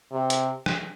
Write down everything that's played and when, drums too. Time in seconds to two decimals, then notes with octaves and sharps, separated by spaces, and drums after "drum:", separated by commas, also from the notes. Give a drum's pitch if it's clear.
0.12 C3
0.30 drum: hi-hat
0.66 drum: rim click